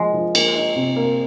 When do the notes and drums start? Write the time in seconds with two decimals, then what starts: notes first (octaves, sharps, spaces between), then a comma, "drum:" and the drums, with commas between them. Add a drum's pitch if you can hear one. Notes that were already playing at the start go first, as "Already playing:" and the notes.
Already playing: F3 G#3 A#3 F4
0.14 F3
0.35 A#3, drum: cymbal
0.55 D#4
0.76 C3
0.96 A#3